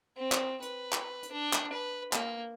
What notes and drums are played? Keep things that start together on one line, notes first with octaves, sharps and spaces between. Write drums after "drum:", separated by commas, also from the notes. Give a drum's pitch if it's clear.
C4
drum: clap
B4, drum: hi-hat
drum: clap
drum: hi-hat
D4
drum: clap
B4
A#3, drum: clap